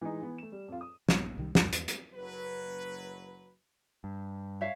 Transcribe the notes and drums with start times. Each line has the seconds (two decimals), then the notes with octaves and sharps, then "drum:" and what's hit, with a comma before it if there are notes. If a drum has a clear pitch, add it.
0.01 E3 G#3 D#4
0.22 E3 B3
0.38 A3 E7
0.52 G3
0.68 F2 F4
0.81 D#6
1.09 A#1 A#2 G3 B3, drum: snare
1.38 C2 D#3 G3
1.55 C#2 F#2 A#2, drum: snare
1.73 E2, drum: hi-hat
1.88 drum: hi-hat
2.14 F#1 F#3 B4
4.04 G2
4.61 C#5 E5 F5